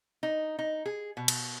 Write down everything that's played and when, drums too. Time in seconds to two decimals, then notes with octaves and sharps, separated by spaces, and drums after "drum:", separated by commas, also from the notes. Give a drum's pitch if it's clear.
0.23 D#4
0.59 D#4
0.86 G#4
1.17 B2
1.28 drum: cymbal